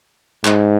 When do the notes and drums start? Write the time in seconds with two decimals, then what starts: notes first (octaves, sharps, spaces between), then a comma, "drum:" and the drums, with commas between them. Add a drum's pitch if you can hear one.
0.45 G#2, drum: clap